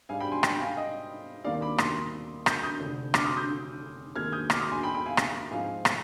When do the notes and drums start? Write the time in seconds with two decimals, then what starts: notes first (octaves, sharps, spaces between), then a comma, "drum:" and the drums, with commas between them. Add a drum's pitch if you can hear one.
0.09 G#2 G3 D4 F5 G#5
0.20 G5 B5
0.32 G#5 C6
0.43 G5 B5, drum: rim click
0.60 F5 G#5
0.77 D#5 G5
1.44 D#2 D#3 G3 C4 D5 F5
1.61 B5 D6
1.78 C6 D#6, drum: rim click
2.46 D#6 G6, drum: rim click
2.63 D#6 G6
2.80 F1 F2 D3
3.14 D6 F6, drum: rim click
3.25 C6 D#6
3.36 D#6 G6
4.15 D#2 D#3 G#3 C4 F6 G#6
4.32 D#6 G6
4.50 D6 F6, drum: rim click
4.61 C6 D#6
4.72 G#5 C6
4.83 G5 B5
4.95 G5 B5
5.06 F5 G#5
5.17 drum: rim click
5.51 G#2 F3 C4 F5 G#5
5.85 drum: rim click